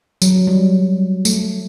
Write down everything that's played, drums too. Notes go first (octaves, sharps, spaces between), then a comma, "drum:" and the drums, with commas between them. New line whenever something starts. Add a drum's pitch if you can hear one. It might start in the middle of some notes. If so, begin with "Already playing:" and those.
F#3, drum: tambourine
G3
A3, drum: tambourine